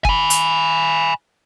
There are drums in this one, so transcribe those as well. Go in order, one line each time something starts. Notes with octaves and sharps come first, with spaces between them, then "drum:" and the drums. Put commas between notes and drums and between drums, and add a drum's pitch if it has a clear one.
G#5 B5, drum: kick
drum: hi-hat